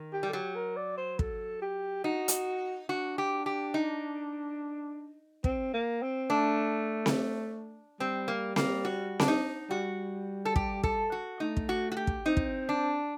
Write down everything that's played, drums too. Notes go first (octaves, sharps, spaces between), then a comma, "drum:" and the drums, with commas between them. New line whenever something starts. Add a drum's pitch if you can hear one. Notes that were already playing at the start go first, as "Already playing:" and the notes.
Already playing: D#3
G4
G3
A4
F#3 G4
A#4
D5
C5
A4, drum: kick
G4
D#4 F#4
drum: hi-hat
D4 F#4
G4
G4
D#4
C4, drum: kick
A#3
C4
A3 D4
drum: snare C4
G3 C4
A#3
A#3, drum: snare C4
F#4
D4, drum: snare C4
D#4
G3 F#4
A4
G4, drum: kick
A4, drum: kick
F#4
A3 D#4
drum: kick
F#4
F#4
G4
drum: kick
C4 D#4
drum: kick
D4